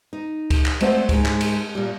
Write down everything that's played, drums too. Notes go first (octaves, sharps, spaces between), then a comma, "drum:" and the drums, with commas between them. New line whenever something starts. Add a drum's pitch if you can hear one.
D#4
drum: kick C#2, cymbal
drum: clap
G#3 A3 C4 C5 D5 F#5, drum: cymbal
G#2 G#3, drum: kick C#2, cymbal
drum: clap
drum: cymbal
A#2 G3